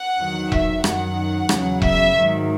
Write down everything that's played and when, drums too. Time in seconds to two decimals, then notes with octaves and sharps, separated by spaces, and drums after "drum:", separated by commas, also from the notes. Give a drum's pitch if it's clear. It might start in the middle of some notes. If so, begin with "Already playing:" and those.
Already playing: F#5
0.19 E2 D#3 F#3
0.52 E5, drum: kick E1
0.84 F#2 D#3 F#3 F#5, drum: rim click
1.49 E2 C#3 F#3, drum: rim click
1.82 E5, drum: kick E1
2.15 G#2 D#3 F#3